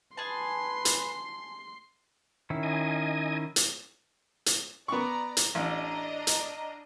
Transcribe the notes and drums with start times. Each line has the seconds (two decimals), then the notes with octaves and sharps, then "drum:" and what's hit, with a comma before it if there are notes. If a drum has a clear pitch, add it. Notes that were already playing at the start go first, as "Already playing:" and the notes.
0.17 G#4 B4 A5 C6
0.85 drum: hi-hat
2.50 D#3 C#4 E4
2.63 D#5 G#5
3.56 drum: hi-hat
4.46 drum: hi-hat
4.88 B3 D5 A#5 C#6
5.37 drum: hi-hat
5.55 A1 D4 D#5 A#5
6.27 drum: hi-hat